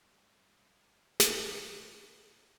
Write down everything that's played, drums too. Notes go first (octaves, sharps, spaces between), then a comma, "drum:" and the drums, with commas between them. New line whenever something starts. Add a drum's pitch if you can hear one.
G2 B2 G3 A3
drum: snare